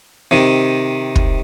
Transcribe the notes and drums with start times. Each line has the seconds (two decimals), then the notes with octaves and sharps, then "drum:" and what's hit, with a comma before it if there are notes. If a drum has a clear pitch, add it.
0.31 C3 D#3
1.16 drum: kick